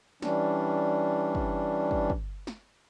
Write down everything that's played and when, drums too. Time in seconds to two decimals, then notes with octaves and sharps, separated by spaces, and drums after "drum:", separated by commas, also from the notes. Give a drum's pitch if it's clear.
0.22 E3 G3 C#4 D4, drum: snare
1.35 drum: kick
1.91 drum: kick
2.10 drum: kick
2.47 drum: snare